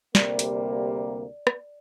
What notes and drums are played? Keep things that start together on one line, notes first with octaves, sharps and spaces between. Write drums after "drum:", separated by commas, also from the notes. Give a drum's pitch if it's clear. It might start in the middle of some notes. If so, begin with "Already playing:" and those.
D2 C3 G3 A#3 D5, drum: snare
drum: hi-hat
drum: rim click